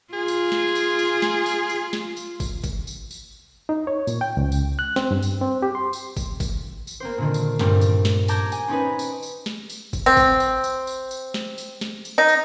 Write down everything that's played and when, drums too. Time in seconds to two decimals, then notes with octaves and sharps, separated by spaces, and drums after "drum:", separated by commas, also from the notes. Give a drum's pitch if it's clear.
0.13 F4 G#4
0.28 drum: tambourine
0.52 drum: snare
0.75 drum: tambourine
0.99 drum: tambourine
1.22 drum: snare
1.46 drum: tambourine
1.69 drum: tambourine
1.93 drum: snare
2.17 drum: tambourine
2.40 drum: kick G1, tambourine
2.64 drum: kick G1, tambourine
2.87 drum: tambourine
3.11 drum: tambourine
3.69 D#4
3.87 C#5
4.07 A#2, drum: tambourine
4.21 G5
4.37 C#2
4.52 drum: tambourine
4.79 F#6
4.96 C4, drum: snare
5.11 G2
5.22 drum: tambourine
5.41 C4
5.62 G4
5.75 C6
5.93 drum: tambourine
6.17 drum: kick G1, tambourine
6.40 drum: kick G1, tambourine
6.87 drum: tambourine
7.00 A#3 C4 C5
7.18 A#2 D3 D#3
7.34 drum: tambourine
7.59 G2 A#2 G3 A3 C4, drum: snare
7.81 drum: tambourine
8.05 drum: snare
8.28 A5 A#5 D6 G6 G#6 A#6, drum: tambourine
8.52 G#5, drum: tambourine
8.68 C4 C#4 D#4 B4
8.99 drum: tambourine
9.23 drum: tambourine
9.46 drum: snare
9.70 drum: tambourine
9.93 drum: kick G1, tambourine
10.06 C4
10.17 drum: kick G1, tambourine
10.40 drum: tambourine
10.64 drum: tambourine
10.87 drum: tambourine
11.11 drum: tambourine
11.34 drum: snare
11.58 drum: tambourine
11.81 drum: snare
12.05 drum: tambourine
12.18 D#4
12.28 drum: tambourine